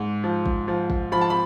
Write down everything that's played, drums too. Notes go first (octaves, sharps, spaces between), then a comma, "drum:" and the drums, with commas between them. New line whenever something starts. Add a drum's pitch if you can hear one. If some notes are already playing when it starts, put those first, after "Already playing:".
Already playing: G#2
F3
drum: kick
F3
drum: kick
F3 B5
A5
B5